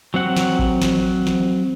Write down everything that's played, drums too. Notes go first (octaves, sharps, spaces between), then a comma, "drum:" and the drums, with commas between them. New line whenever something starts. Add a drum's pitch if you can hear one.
F#3 C4 F#5
drum: snare
drum: kick A1
drum: snare
drum: snare